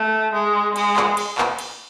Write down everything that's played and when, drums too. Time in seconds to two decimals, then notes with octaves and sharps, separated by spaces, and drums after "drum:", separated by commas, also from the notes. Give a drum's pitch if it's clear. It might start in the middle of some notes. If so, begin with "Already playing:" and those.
Already playing: A3
0.34 G#3
0.76 G#3, drum: cymbal
0.96 drum: clap
1.17 drum: cymbal
1.38 drum: clap
1.59 drum: cymbal